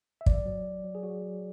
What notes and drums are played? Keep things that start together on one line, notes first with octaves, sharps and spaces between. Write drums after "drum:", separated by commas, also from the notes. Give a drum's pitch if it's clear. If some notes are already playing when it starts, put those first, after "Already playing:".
E5
F#3 D5, drum: kick
F#3
F#3
F#3
G#4
F#3 F#4
F#3